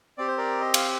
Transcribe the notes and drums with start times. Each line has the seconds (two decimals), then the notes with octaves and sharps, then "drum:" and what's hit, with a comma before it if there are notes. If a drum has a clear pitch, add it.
0.18 C4 G4 D5
0.28 C5
0.38 A#4 D5
0.61 D#5
0.74 F5, drum: cymbal